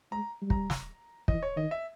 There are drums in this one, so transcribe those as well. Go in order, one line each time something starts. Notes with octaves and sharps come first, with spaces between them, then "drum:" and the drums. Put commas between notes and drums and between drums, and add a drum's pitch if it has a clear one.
G#3 A#5
G3
A#5, drum: kick
drum: snare
E3 D#5, drum: kick
C#5
D#3 D#5
E5